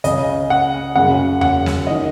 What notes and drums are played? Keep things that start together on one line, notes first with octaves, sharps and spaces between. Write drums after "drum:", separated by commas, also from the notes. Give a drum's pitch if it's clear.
C#2 C#3 D#5, drum: hi-hat
F#5
F#1 F#2 C#3 F#5
F#5, drum: tom E2
drum: snare
D#3 D#5